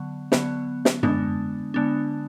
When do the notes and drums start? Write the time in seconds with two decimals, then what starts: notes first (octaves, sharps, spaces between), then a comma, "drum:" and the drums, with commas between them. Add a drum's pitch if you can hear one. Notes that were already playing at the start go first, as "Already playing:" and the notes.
Already playing: D3 F#3 B3
0.32 D3 F#3 B3, drum: snare
0.85 drum: snare
1.03 D3 G#3 B3 D4, drum: tom F#2
1.74 D3 G#3 B3 D4